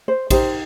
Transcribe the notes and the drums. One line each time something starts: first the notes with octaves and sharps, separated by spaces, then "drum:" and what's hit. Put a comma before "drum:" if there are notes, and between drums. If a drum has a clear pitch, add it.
C5
D#4 G4 A#4 C5, drum: kick A#1, cymbal